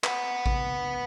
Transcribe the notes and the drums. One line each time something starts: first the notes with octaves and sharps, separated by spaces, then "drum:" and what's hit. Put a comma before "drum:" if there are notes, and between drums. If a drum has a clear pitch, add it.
B4 F#5, drum: clap
drum: kick A1